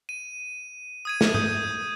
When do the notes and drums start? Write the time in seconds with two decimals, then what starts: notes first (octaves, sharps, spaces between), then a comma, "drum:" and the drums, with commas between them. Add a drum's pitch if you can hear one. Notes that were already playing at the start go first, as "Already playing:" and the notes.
0.09 D#7
1.05 D#6 G#6 D#7
1.21 drum: snare
1.34 D#6 G6, drum: tom G#2